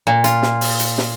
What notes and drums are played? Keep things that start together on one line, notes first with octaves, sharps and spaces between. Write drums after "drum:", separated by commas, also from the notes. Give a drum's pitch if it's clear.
A#2
F4, drum: hi-hat
drum: snare
drum: open hi-hat
drum: hi-hat
drum: snare